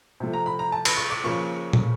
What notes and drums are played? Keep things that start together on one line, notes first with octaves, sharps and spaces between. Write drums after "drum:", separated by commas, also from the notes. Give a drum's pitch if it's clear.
C3 F3 A3
A#5
B5
A#5
A5
B5, drum: cymbal
C#6
D6
C#3 F3 A#3 C#6
drum: tom